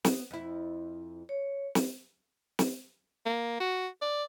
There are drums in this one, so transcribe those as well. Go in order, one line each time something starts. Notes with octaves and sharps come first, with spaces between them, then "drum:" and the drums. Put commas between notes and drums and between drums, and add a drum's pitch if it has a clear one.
B3, drum: snare
F2 E4
C#5
drum: snare
drum: snare
A#3
F#4
D5